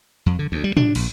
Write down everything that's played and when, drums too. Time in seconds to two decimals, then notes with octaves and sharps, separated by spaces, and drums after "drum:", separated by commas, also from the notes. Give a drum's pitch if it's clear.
0.26 F2
0.39 D3
0.52 D2
0.64 G3
0.77 D4, drum: tom
0.95 A#1, drum: cymbal